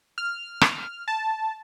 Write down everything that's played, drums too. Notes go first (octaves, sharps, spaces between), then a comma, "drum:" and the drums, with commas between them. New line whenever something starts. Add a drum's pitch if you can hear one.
F6
drum: rim click
A5